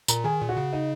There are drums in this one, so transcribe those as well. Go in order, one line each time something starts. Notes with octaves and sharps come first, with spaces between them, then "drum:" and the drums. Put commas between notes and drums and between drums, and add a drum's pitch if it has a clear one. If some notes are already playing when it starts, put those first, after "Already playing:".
A#2 A#4 A#5, drum: tambourine
D#3 G#4 G#5
A#2
F#4 F#5
C#3
D#4 D#5